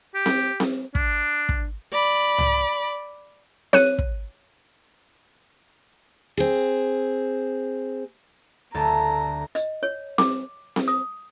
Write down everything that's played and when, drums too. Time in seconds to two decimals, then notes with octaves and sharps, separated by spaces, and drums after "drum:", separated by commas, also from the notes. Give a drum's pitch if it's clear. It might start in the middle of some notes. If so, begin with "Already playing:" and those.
0.15 G4
0.26 drum: snare C4
0.60 drum: snare C4
0.95 D4, drum: kick
1.49 drum: kick
1.92 D5 B5
2.38 drum: tom C2
3.73 C#5 F#6 D#7, drum: snare C4
3.99 drum: kick
6.37 C4 G#4
8.74 D2 A4 A#5
9.55 D#5, drum: hi-hat
9.83 C#5
10.18 D6, drum: snare C4
10.76 drum: snare C4
10.88 D#6